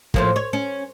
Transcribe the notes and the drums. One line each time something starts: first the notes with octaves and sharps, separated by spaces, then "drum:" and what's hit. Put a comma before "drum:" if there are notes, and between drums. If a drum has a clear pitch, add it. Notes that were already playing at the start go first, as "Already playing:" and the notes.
A2 F3 A#3, drum: kick
C#5
C#4